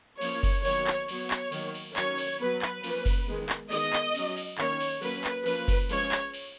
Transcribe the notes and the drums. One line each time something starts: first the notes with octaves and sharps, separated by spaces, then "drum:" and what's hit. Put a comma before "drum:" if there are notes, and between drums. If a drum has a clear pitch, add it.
F3 A#3 C#4 C#5, drum: cymbal
drum: kick F#1, cymbal
D#3 F#3 B3 C#5, drum: cymbal
drum: clap
F#3 B3 C#5, drum: cymbal
drum: clap
D#3 F#3 A#3, drum: cymbal
drum: cymbal
D#3 F#3 C#4 C#5, drum: clap
drum: cymbal
F#3 B3 B4
drum: clap
F3 A#3 C#4, drum: cymbal
drum: kick F#1, cymbal
D#3 G#3 B3
drum: clap
D#3 G#3 B3 D#5, drum: cymbal
drum: clap
F#3 C#4, drum: cymbal
drum: cymbal
D#3 A#3 C#4 C#5, drum: clap
drum: cymbal
F#3 A#3 C#4 B4, drum: cymbal
drum: clap
F3 A#3 C#4 B4, drum: cymbal
drum: kick F#1, cymbal
F3 G#3 C#4 C#5, drum: cymbal
drum: clap
drum: cymbal